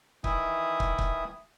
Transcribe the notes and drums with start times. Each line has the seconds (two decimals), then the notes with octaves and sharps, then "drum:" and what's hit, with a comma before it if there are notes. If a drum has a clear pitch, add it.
0.24 D#3 E3 E4 E5 D#6, drum: kick
0.80 drum: kick
0.98 drum: kick